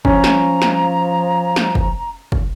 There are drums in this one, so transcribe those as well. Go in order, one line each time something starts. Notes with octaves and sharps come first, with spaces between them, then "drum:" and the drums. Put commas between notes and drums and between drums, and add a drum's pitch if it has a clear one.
F3 C#4 A#5, drum: kick
drum: snare
drum: snare
drum: snare
drum: kick
drum: kick